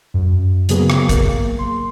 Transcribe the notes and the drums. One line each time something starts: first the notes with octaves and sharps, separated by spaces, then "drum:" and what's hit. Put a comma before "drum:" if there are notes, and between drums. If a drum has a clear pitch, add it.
F#2
C#3 F#3 A#3 B3 G#4, drum: hi-hat
drum: rim click
A#3, drum: kick, hi-hat
C6